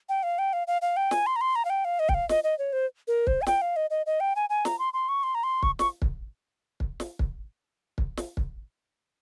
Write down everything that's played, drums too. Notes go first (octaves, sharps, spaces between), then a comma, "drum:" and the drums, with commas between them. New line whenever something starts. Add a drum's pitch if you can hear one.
G5
F5
G5
F5
F5
F5
G5
G#5, drum: snare
C6
A#5
C6
A#5
F5
G5
F5
D#5
G5, drum: kick
F5
D#5, drum: snare
D#5
C#5
C5
A#4
C5, drum: kick
G#5
G5, drum: snare
F5
D#5
D#5
D#5
G5
G#5
G#5
A#5, drum: snare
C6
C6
C#6
C6
A#5
C6
C#6, drum: kick
C#6, drum: snare
drum: kick
drum: kick
drum: snare
drum: kick
drum: kick
drum: snare
drum: kick